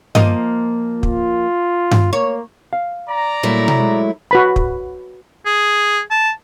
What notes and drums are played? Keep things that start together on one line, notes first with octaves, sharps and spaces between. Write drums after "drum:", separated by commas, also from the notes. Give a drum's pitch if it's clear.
F3 A#3 D#5, drum: tom G2
F4, drum: kick
drum: tom G2
A#3 C#5
F5
D5 A#5
A#2 F#3 G3 A3 A#3 E4
drum: tom B2
G#3
F#4 B4 B5
drum: kick
G#4
A5